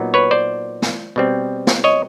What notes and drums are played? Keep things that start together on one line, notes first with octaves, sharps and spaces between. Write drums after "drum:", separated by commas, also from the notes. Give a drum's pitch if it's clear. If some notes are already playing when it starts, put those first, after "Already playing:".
Already playing: A#2 F#3 B3 D#4
B4 C#5
C5 D5
drum: snare
B2 G3 C4
drum: snare
C#5 D#5